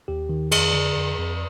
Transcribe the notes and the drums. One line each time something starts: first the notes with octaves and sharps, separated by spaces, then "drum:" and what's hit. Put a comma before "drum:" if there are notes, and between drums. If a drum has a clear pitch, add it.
D#2 G4
D#3
F2 G#4, drum: cymbal
D3
F2
F2